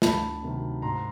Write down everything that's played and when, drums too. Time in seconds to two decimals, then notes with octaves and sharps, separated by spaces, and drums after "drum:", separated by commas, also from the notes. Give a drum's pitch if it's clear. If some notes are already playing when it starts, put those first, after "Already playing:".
0.02 D2 A5 B5, drum: snare
0.43 C3 D#3 F#3
0.82 G#2 A#5 C6